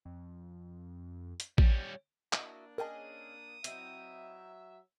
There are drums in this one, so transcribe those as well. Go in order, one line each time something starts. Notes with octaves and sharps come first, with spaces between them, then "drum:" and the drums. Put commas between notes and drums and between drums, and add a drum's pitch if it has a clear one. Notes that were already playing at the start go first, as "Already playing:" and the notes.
F2
drum: hi-hat
G3 C#4, drum: kick A1
A#3 D4 E4 F#4 D#5, drum: clap
C#4 G#4 A#4 D#5 G5 A5 D#6
F#3 C4 D#4 E4 E5, drum: hi-hat